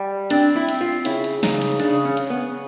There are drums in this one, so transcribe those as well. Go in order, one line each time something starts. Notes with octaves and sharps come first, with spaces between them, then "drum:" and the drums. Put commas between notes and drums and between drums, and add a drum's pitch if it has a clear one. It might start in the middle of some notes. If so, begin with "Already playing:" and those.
Already playing: G3
C4 D4, drum: hi-hat
E4
C4, drum: hi-hat
F4
C#3 E4, drum: hi-hat
drum: hi-hat
C#3 D#4, drum: snare
drum: hi-hat
C#3 D4, drum: hi-hat
C#4
C#3, drum: hi-hat
B3